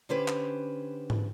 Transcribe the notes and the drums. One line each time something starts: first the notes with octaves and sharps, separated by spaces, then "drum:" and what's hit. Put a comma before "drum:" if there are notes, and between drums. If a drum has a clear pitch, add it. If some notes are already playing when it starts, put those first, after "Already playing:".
D3 C#4 G4 B4 C5
drum: clap
drum: tom G#2